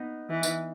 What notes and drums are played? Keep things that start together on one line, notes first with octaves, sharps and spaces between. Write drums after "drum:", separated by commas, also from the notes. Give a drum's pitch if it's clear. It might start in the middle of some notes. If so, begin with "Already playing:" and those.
Already playing: B3 D#4
E3
drum: tambourine